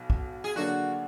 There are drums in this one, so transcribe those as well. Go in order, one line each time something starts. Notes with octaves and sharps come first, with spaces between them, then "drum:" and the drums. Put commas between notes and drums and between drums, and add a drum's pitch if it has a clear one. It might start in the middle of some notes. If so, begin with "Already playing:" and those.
Already playing: B1 B2
drum: kick
G#4
D3 F#3 A#3 D4 F#4